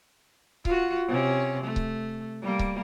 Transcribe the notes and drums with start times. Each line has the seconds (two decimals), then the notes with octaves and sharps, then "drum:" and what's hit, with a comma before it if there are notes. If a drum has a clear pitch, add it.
0.65 F4 F#4, drum: kick C#1
1.08 C3 C#4
1.63 A3
1.76 drum: kick C#1
2.42 G3 A#3
2.59 drum: kick C#1